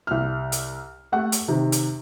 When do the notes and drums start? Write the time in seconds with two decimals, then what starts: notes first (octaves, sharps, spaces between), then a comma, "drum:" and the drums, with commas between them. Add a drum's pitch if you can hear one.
0.07 C2 F6
0.52 drum: hi-hat
1.12 A3 G4 F#5
1.32 drum: hi-hat
1.48 C3 D#3
1.72 drum: hi-hat